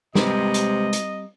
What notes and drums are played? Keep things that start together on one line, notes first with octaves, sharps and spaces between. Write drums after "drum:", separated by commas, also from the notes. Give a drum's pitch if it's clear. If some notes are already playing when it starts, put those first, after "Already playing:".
C3 G3 G#3 C4 A#4 B4 D#5, drum: snare
drum: hi-hat
drum: hi-hat